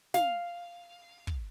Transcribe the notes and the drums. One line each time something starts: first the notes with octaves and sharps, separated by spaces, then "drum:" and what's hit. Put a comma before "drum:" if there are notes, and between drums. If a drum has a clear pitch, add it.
F5, drum: snare
drum: kick